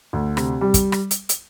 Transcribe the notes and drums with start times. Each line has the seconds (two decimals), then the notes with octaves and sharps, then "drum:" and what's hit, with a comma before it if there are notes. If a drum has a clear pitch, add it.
0.13 D2
0.37 C3, drum: rim click
0.61 G3
0.74 drum: kick, hi-hat
0.92 drum: rim click
1.11 drum: hi-hat
1.29 drum: hi-hat